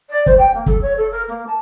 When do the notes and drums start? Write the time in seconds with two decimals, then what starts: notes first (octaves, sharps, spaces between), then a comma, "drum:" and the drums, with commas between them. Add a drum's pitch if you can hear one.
0.10 D5
0.26 C5, drum: kick
0.38 G5
0.54 A#3
0.66 A4, drum: kick
0.82 C#5
0.97 A4
1.11 A#4
1.28 A#3
1.47 A5